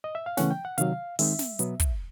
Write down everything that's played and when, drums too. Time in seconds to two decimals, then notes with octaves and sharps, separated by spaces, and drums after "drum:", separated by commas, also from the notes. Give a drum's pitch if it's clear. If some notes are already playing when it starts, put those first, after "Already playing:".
0.04 D#5
0.15 E5
0.26 F5
0.37 C#3 E3 A3 C#4 F#5, drum: snare
0.51 G5
0.65 F#5
0.78 C3 D#3 F#3 F5, drum: hi-hat
1.19 D#3 G#3 C4 D#4 E5, drum: open hi-hat
1.39 drum: snare
1.59 B2 F#3 B3, drum: hi-hat
1.80 drum: kick, hi-hat